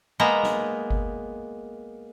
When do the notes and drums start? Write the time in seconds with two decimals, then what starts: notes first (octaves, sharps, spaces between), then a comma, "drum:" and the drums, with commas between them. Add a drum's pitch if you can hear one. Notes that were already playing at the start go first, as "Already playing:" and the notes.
0.20 G#3 A#3 B3 A#5
0.43 drum: snare
0.90 drum: kick G1